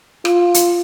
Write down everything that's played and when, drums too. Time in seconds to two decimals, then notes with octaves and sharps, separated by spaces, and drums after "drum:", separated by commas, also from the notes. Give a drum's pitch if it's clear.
0.25 F4, drum: rim click
0.54 drum: hi-hat